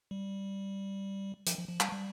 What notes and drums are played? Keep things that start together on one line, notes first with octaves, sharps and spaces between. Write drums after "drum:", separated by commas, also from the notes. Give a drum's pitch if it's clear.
G3
F3, drum: hi-hat
F3
F3
G3, drum: clap
G3